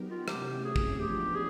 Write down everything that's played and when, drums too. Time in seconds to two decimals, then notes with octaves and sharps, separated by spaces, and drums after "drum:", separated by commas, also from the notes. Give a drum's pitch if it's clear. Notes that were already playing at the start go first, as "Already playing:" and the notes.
Already playing: F#3 B3 D#4 G4 A#4
0.10 F4
0.28 C3 E3 A3 C#4 F#4 G4, drum: rim click
0.64 G#4
0.76 drum: kick
0.99 F3 G#3 B3 D4 F4 G4
1.35 G#4